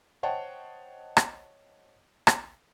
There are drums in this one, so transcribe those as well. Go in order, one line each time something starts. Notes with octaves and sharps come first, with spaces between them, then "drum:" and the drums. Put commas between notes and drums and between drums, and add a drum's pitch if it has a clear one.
C5 C#5 D#5 F#5 G5 A5
drum: rim click
drum: rim click